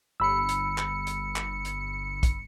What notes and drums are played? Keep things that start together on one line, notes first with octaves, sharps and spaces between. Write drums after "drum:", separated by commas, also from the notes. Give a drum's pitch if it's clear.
G1 B5 E6 C#7
drum: hi-hat
drum: clap
drum: hi-hat
drum: clap
drum: hi-hat
drum: kick, hi-hat